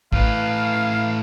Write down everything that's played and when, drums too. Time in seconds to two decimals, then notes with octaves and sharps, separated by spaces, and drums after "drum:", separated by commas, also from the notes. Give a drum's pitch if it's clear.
0.12 A2 B4 F5, drum: kick A1